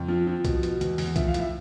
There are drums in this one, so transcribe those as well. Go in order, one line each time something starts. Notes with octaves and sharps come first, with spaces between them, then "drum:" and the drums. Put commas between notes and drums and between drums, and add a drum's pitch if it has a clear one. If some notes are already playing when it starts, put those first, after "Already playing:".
Already playing: F2
F3
F3
B2, drum: kick C2, hi-hat
B2, drum: hi-hat
E2, drum: hi-hat
E2, drum: open hi-hat
F3 E5, drum: kick C2, hi-hat
F5
A2, drum: hi-hat
E5